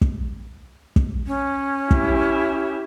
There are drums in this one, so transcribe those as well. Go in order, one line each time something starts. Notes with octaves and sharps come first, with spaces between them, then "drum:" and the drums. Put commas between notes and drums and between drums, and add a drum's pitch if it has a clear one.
drum: kick
drum: kick
C#4
E4 G4, drum: kick